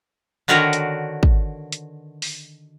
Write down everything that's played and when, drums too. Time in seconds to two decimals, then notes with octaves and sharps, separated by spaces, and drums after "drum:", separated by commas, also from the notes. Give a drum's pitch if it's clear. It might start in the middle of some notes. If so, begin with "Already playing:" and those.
0.48 D3 D#3 F#4 A#4 B4 C#5
0.73 drum: hi-hat
1.23 drum: kick
1.72 drum: hi-hat
2.22 drum: open hi-hat